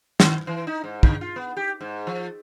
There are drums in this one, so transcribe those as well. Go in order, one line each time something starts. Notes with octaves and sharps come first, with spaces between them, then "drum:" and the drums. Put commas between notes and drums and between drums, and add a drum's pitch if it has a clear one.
D#3, drum: snare
E3
D#4
G#2
D3, drum: kick
F4
B3
G4
G#2
F3